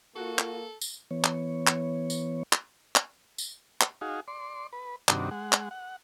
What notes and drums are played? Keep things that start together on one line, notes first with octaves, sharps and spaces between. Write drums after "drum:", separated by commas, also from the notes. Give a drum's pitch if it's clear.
A#3 F4 F#4 A4
drum: clap
drum: tambourine
E3 B3 C#5
drum: clap
drum: clap
drum: tambourine
drum: clap
drum: clap
drum: tambourine
drum: clap
D#4 F#4 G#4 F5
D5 C6
B4
G2 C3 D#3 D4 F#4, drum: clap
G#3 F#5
drum: clap
F#5